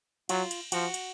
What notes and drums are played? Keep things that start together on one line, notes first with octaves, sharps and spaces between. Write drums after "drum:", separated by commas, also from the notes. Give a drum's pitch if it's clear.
F#3 F4, drum: cymbal
drum: cymbal
F3 F#4, drum: cymbal
drum: cymbal